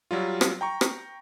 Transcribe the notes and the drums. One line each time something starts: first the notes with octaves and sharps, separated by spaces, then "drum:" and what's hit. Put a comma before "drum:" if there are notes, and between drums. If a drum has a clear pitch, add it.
F#3 G3 F4
drum: rim click
G5 A#5 C#6
drum: rim click